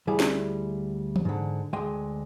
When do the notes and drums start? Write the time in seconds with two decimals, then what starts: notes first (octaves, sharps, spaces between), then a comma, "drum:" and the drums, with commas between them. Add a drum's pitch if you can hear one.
0.07 D2 G3 E4 G#4
0.20 drum: snare
1.16 drum: tom E3
1.25 G#2 D3
1.73 D2 G#3 D#5 G5 C6